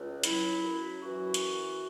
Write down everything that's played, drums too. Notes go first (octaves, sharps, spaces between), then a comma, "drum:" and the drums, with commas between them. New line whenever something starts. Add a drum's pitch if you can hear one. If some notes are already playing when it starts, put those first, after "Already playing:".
Already playing: C#2
F#3 E4, drum: hi-hat
F#2
E3 F#4
drum: hi-hat